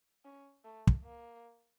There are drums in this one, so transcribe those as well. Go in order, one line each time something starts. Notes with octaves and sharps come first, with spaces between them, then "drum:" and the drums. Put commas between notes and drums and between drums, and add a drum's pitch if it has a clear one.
C#4
A3
drum: kick
A#3